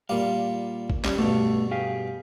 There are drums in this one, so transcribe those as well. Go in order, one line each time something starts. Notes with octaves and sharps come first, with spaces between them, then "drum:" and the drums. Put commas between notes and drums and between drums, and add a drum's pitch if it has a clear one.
A#2 G3 F5
drum: kick
G3 C#4, drum: clap
G2 B2 A3
G4 G#4 F5